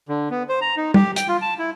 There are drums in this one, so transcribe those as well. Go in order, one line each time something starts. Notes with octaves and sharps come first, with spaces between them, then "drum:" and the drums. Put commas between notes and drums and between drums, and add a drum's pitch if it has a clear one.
D3
B3
C5
A#5
D#4
G4, drum: tom G3
G5, drum: hi-hat
F4
A5
E4